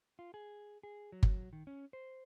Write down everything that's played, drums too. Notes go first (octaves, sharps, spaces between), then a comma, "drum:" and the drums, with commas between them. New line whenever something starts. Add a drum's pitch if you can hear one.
F4
G#4
G#4
F#3
drum: kick G1
D#3
C#4
C5